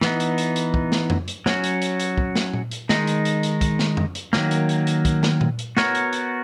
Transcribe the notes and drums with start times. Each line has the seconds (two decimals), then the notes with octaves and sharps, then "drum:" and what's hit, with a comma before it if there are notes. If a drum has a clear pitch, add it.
0.01 E3 B3 D#4, drum: snare
0.20 drum: hi-hat
0.38 drum: hi-hat
0.56 drum: hi-hat
0.74 drum: kick
0.92 drum: snare
1.10 drum: tom F2
1.28 drum: hi-hat
1.46 F#3 C#4 F#4, drum: snare
1.64 drum: hi-hat
1.82 drum: hi-hat
2.00 drum: hi-hat
2.18 drum: kick
2.36 drum: snare
2.53 drum: tom A#2
2.71 drum: hi-hat
2.89 D#3 G#3 D#4, drum: snare
3.07 drum: hi-hat
3.25 drum: hi-hat
3.43 drum: hi-hat
3.61 drum: kick, hi-hat
3.79 drum: snare
3.97 drum: tom F2
4.15 drum: hi-hat
4.33 D#3 F#3 A#3, drum: snare
4.51 drum: hi-hat
4.69 drum: hi-hat
4.87 drum: hi-hat
5.05 drum: kick, hi-hat
5.23 drum: snare
5.41 drum: tom A#2
5.59 drum: hi-hat
5.77 B3 F#4 A#4 C#5, drum: snare
5.95 drum: hi-hat
6.13 drum: hi-hat